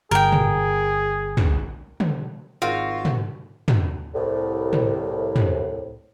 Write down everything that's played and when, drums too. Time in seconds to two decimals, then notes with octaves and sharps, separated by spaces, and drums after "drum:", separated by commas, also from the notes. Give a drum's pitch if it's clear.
0.11 G1 G#4 A#4 G5
0.32 drum: tom
1.37 drum: tom
2.00 drum: tom
2.62 G#1 C4 F4 F#4 A#4
3.05 drum: tom
3.68 drum: tom
4.15 C2 A2
4.73 drum: tom
5.36 drum: tom